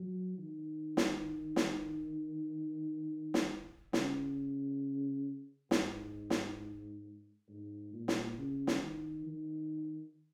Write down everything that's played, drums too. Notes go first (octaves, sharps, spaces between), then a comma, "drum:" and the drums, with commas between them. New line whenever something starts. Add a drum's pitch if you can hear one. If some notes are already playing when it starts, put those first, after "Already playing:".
Already playing: F#3
D#3
drum: snare
drum: snare
drum: snare
C#3, drum: snare
G#2, drum: snare
drum: snare
G#2
A#2
drum: snare
C#3
drum: snare
D#3
D#3